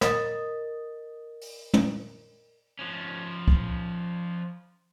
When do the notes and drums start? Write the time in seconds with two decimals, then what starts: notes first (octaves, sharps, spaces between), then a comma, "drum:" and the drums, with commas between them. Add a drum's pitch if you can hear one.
0.01 A#4 D#5 D#6 A6, drum: snare
1.41 drum: open hi-hat
1.74 drum: tom
2.79 F3 C#4
3.48 drum: kick C2